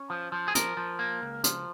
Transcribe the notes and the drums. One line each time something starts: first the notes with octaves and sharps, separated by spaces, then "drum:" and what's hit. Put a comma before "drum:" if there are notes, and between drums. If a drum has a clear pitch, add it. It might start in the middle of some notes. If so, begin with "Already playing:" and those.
Already playing: C#4
F3
F3
G#4
F3 A#4, drum: hi-hat
F3
A#3
C#2
F3, drum: hi-hat